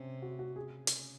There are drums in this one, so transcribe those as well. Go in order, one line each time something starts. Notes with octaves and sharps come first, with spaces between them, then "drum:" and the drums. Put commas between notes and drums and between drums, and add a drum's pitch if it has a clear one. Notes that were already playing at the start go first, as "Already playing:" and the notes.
Already playing: C3 C4 C#4
F#4
F#4
C#3 G#4
drum: hi-hat